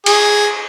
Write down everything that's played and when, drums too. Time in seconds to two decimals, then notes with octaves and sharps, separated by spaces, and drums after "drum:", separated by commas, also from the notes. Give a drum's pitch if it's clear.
0.06 G#4, drum: cymbal